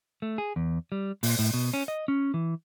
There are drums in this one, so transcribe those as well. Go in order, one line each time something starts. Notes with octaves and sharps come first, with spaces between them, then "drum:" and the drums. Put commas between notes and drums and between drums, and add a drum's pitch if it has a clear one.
A3
G#4
E2
G3
A#2, drum: open hi-hat
A2
B2
C#4
D#5
C#4
E3